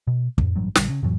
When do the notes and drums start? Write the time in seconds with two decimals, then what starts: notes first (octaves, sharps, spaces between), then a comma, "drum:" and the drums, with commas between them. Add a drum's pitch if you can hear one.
0.07 B2
0.38 F2 A2, drum: kick
0.55 A1 G2 F#3
0.75 A#1 F2 D3 G3, drum: snare
0.89 C#3
1.03 F2 A2 E3 F#3